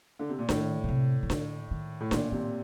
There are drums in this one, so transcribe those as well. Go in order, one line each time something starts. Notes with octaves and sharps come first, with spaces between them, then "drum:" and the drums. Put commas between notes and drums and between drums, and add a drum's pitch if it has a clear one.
D3
C3
A#2
A2 D#3, drum: snare D4
D3
C3
D#3
D3, drum: snare D4
D#3
A2
A#2 D#3, drum: snare D4
C3 D#3